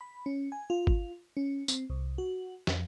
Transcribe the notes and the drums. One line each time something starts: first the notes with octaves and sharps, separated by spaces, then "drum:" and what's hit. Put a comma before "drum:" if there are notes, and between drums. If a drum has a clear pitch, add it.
B5
C#4
G#5
F4
drum: kick
C#4
C4, drum: tambourine
C2
F#4
F2, drum: snare